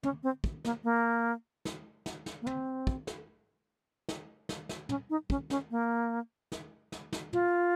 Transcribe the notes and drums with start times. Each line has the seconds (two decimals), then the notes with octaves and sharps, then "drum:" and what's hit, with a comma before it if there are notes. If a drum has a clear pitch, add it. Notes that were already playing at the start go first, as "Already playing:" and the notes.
0.03 C#4, drum: tom
0.23 C4
0.44 drum: kick
0.65 A#3, drum: snare
0.84 A#3
1.65 drum: snare
2.06 drum: snare
2.26 drum: snare
2.42 A#3
2.47 C4, drum: tom
2.87 drum: kick
3.07 drum: snare
4.09 drum: snare
4.49 drum: snare
4.69 drum: snare
4.89 C#4, drum: tom
5.10 D#4
5.30 C#4, drum: kick
5.50 C#4, drum: snare
5.71 A#3
6.52 drum: snare
6.92 drum: snare
7.13 drum: snare
7.33 F4, drum: tom